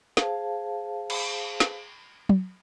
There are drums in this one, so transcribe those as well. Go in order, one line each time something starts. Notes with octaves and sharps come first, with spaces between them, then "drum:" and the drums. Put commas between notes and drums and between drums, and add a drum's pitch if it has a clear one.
G#4 C5 F5 A5, drum: snare
drum: cymbal
drum: snare
drum: tom